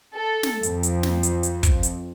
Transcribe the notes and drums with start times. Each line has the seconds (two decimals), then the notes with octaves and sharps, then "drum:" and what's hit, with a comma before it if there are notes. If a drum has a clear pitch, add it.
0.15 A4
0.43 drum: snare
0.63 F2, drum: hi-hat
0.83 drum: hi-hat
1.03 drum: snare
1.23 drum: hi-hat
1.43 drum: hi-hat
1.63 drum: kick, hi-hat
1.83 drum: hi-hat